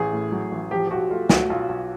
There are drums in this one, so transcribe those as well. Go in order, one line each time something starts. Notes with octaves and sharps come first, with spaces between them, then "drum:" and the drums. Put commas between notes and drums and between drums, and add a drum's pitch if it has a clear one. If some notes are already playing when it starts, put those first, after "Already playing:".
Already playing: A1 G#4
A2
F#3
A1
F3 G4
G4
B1 F#4
A3 F4
B1 F#4, drum: snare
B1 F4
B1